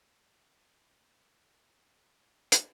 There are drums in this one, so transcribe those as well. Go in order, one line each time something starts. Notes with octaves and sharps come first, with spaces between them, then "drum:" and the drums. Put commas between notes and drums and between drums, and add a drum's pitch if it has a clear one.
A4
F3 G4
A3 D#4
F3
A3 D#4
F3
A3 D#4
F3
A3 D#4
D3 A4
G3 A#3 D4 G4 A4
drum: hi-hat